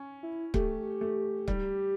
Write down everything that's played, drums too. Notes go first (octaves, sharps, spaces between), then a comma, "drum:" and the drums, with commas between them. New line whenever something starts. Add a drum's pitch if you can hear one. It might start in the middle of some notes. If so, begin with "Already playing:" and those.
Already playing: C#4
E4
A3 G4, drum: kick C#1
A3
G3, drum: kick C#1